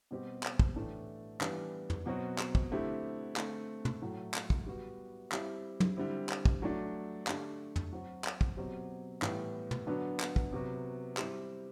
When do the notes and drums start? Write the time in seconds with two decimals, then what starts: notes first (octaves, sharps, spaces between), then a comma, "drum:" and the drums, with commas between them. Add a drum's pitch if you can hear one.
0.11 B2 G3 C4 G4
0.43 drum: clap
0.59 drum: kick
0.76 A2 E3 A3 D4
1.41 E3 G3 B3 D4, drum: clap
1.90 drum: tom
2.06 B2 F#3 C4 F#4
2.39 drum: clap
2.55 drum: kick
2.71 D3 A3 C4 E4 G4
3.36 D3 A3 C4, drum: clap
3.85 drum: tom
4.01 A2 F#3 A3
4.34 drum: clap
4.50 drum: kick
4.67 G3 B3 F#4
5.32 G3 C4 E4 G4, drum: clap
5.80 drum: tom
5.97 D3 G3 C4 E4
6.29 drum: clap
6.45 drum: kick
6.62 F#3 A3 D4
7.27 D3 A3 D4 G4, drum: clap
7.76 drum: tom
7.93 F#3 C4 F#4
8.25 drum: clap
8.41 drum: kick
8.57 B2 F#3 C4 G4
9.22 A2 E3 G3 B3, drum: clap
9.71 drum: tom
9.87 D3 F#3 B3 D4
10.20 drum: clap
10.36 drum: kick
10.53 C3 F#3 B3 F#4
11.17 G3 C4 E4 G4, drum: clap